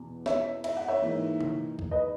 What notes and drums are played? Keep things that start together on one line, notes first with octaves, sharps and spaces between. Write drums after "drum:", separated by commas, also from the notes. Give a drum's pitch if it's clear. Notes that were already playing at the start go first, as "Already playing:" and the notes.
Already playing: E2 B2
C#5 E5, drum: snare
E5, drum: cymbal
F#5
C#5 E5
G#2 E3 A#3 D#4
drum: tom C3
drum: kick
B4 D#5